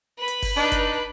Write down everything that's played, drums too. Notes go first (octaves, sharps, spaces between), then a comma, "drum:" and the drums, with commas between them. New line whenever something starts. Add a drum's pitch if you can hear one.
B4 B5
drum: hi-hat
drum: kick F#1, open hi-hat
D4 D#4
drum: kick F#1, hi-hat